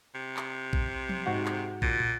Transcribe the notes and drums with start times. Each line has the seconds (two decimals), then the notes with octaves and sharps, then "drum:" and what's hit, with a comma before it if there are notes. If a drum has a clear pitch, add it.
0.15 C3
0.37 drum: clap
0.73 drum: kick A#1
1.09 drum: tom F3
1.26 G#2 F#4 F#5
1.46 drum: clap
1.82 A#2, drum: kick A#1
2.00 drum: tom